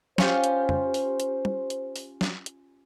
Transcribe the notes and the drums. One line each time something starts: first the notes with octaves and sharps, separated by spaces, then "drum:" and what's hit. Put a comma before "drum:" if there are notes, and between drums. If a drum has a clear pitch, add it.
C#4 F4 G4 C5, drum: snare
drum: hi-hat
drum: tom
drum: open hi-hat
drum: hi-hat
drum: tom
drum: hi-hat
drum: open hi-hat
drum: snare
drum: hi-hat